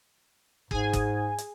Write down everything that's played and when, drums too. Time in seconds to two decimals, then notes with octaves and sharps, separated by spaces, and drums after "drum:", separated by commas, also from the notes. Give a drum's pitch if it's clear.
0.71 G#2 G#4 G#5, drum: kick
0.93 drum: kick, hi-hat
1.38 drum: hi-hat